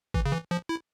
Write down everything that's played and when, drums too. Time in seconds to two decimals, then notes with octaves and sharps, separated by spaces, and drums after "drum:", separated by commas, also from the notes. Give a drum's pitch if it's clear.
0.14 E3, drum: kick
0.26 C#3
0.32 E3
0.51 F3
0.69 E4